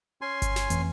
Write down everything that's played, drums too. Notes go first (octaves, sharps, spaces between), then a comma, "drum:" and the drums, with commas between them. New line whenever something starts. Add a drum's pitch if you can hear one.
C#4 G#5 C6
drum: kick G1, hi-hat
drum: snare
F2 E3 A3, drum: hi-hat